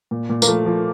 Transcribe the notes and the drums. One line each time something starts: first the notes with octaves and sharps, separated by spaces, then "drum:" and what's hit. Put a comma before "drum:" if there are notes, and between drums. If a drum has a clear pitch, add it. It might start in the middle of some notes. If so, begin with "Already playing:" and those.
A#2
A#2
A#3, drum: tambourine
F3 A3
F3